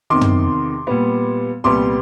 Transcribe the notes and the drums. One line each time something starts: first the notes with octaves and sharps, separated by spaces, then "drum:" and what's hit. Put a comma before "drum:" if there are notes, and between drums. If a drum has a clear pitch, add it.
E2 C3 D#3 C6 D6
drum: tom
A#2 G3 B3
C2 A#2 G3 B3 C6 D6